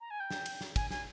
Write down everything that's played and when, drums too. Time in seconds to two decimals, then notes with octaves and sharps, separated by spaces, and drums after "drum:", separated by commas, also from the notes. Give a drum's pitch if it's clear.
0.01 A#5
0.10 G#5
0.20 G5
0.31 drum: snare
0.46 drum: cymbal
0.61 drum: snare
0.76 G#5, drum: kick, cymbal
0.91 G#5, drum: snare